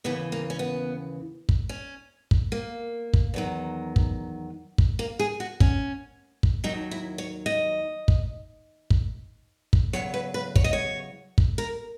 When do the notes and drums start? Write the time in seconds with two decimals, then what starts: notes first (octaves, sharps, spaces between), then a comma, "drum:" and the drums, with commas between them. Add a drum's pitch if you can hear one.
0.04 D#2 C#3 E3 B3
0.32 A#3
0.50 C#4
0.59 B3
1.49 drum: kick
1.69 C#4
2.31 drum: kick
2.52 A#3
3.14 drum: kick
3.34 E2 D#3 F#3
3.96 drum: kick
4.78 drum: kick
4.99 A#3
5.19 G#4
5.40 F#4
5.60 C#4, drum: kick
6.43 drum: kick
6.64 D#2 D#3 F#3 D#4
6.91 E4
7.18 C#5
7.46 D#5
8.08 drum: kick
8.90 drum: kick
9.73 drum: kick
9.93 E2 C#3 F#3 C#5
10.14 B4
10.34 B4
10.56 C#5, drum: kick
10.64 D#5
10.73 C#5
11.38 drum: kick
11.58 A#4